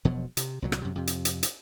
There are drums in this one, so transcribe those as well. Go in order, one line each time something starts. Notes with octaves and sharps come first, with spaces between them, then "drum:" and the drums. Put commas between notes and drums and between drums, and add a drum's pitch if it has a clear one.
E1 B2 F3 F#3
C3, drum: hi-hat
C2 A#2 F#3
drum: rim click
F#2 C3
F2 C3
drum: hi-hat
drum: hi-hat
drum: hi-hat